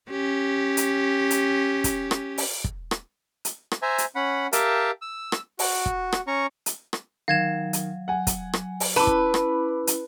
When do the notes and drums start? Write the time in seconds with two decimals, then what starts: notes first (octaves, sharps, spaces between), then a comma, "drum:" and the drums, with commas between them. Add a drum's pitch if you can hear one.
0.10 C#4 G4
0.77 drum: hi-hat
1.31 drum: hi-hat
1.84 drum: kick, hi-hat
2.11 drum: rim click
2.38 drum: open hi-hat
2.64 drum: kick
2.91 drum: rim click
3.45 drum: hi-hat
3.71 drum: rim click
3.82 C5 E5 G#5 A#5
3.98 drum: hi-hat
4.15 C#4 F#5 B5
4.53 G4 A#4 E5 F5 G5 A5, drum: hi-hat
5.02 E6
5.32 drum: rim click
5.59 F#4, drum: open hi-hat
5.86 drum: kick
6.12 drum: rim click
6.27 C#4 A#5 C#6
6.66 drum: hi-hat
6.93 drum: rim click
7.28 D#3 F#3 F5 G#6 E7
7.73 drum: hi-hat
8.08 F#5 G#5
8.27 drum: kick, hi-hat
8.53 drum: rim click
8.80 drum: open hi-hat
8.96 C#4 E4 B4 A5 B5 D6
9.07 drum: kick
9.34 drum: rim click
9.87 drum: hi-hat